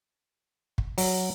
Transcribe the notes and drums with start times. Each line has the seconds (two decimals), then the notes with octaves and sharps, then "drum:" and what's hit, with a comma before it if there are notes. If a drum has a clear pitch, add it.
0.78 drum: kick
0.98 F#3, drum: open hi-hat